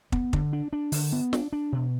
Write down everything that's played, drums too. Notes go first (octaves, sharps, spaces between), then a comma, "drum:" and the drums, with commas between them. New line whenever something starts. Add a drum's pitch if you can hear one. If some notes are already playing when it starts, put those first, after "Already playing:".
B3, drum: kick
D3, drum: kick
D4
D4
D3, drum: open hi-hat
B3
D4, drum: snare
D4
B2